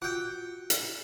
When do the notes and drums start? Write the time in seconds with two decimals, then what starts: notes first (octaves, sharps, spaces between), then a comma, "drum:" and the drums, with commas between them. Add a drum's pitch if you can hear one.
0.02 F4 F#4 F#5 G5
0.70 drum: hi-hat